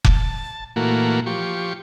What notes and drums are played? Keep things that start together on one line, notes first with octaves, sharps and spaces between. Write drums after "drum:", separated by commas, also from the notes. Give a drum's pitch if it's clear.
A5, drum: kick F1
A#2 E3 A3 A#3 F#4
F3 G4 C#6